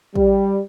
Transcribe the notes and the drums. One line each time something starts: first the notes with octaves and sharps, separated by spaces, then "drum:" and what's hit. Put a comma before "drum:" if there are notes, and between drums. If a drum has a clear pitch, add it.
G3, drum: kick